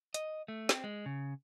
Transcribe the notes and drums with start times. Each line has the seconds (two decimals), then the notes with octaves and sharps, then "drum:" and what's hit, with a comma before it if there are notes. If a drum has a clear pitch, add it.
0.14 D#5, drum: hi-hat
0.48 A3
0.69 C4, drum: snare
0.84 G#3
1.06 C#3